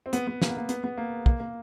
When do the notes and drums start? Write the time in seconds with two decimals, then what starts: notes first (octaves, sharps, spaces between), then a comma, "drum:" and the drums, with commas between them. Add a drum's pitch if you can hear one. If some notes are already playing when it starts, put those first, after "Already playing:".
0.06 C4
0.13 B3, drum: hi-hat
0.27 B3
0.42 A#3, drum: snare
0.50 B3
0.57 A#3
0.69 B3, drum: hi-hat
0.84 B3
0.97 A#3
1.26 A#3, drum: kick
1.40 A#3